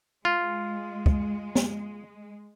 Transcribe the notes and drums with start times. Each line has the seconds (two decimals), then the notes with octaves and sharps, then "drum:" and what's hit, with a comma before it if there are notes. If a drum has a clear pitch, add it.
0.25 G#3 F4
1.06 drum: kick
1.55 drum: snare